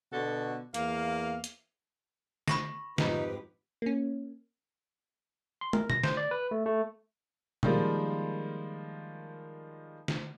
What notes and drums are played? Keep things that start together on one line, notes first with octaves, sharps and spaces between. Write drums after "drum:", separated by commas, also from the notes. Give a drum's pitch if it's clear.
B2 D3 F#4 A4
E2 A#3 F5, drum: hi-hat
drum: hi-hat
B5 C#6 A#6, drum: snare
F2 G#2 F3 D#4 G4 B4, drum: snare
A#3 C#4
C6
A#4, drum: tom
A#6, drum: tom A#2
C5, drum: snare
D5
B4
A3
A3
D#3 F3 G3 G#3 A#3, drum: tom A#2
drum: snare